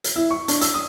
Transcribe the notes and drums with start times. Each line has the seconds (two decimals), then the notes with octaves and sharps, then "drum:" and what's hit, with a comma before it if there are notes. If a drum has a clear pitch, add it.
0.04 drum: hi-hat
0.16 E4
0.31 C#6
0.48 D4, drum: hi-hat
0.61 E6, drum: hi-hat
0.74 D#6